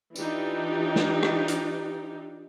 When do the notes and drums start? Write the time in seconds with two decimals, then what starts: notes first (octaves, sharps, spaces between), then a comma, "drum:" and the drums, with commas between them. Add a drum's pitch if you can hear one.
0.16 E3 D4 D#4 F4 G4, drum: tambourine
0.96 drum: snare
1.23 drum: rim click
1.48 drum: hi-hat